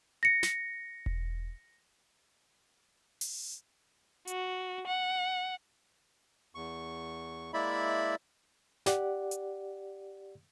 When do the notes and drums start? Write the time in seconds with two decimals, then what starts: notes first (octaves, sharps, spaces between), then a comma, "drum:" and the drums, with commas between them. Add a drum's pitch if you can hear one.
0.23 A#6 C#7
0.43 drum: snare
1.06 drum: kick E1
3.21 drum: open hi-hat
4.27 F#4, drum: hi-hat
4.87 F#5
6.55 E2 C#6
7.54 G#3 A#3 E4 D5 E5 B5
8.86 G4 D5 F#5, drum: snare
9.31 drum: hi-hat